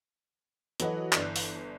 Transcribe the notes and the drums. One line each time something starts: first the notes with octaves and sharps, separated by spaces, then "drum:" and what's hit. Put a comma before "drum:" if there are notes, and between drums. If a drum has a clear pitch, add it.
E3 F#3 F#4 A4 B4 D#5, drum: hi-hat
G1 D4 F#6, drum: clap
drum: open hi-hat